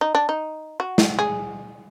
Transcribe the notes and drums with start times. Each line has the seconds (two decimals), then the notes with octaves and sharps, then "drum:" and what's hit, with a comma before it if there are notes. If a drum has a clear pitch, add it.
0.01 D#4
0.15 D4
0.29 D#4
0.80 F#4
0.98 drum: snare
1.19 G#4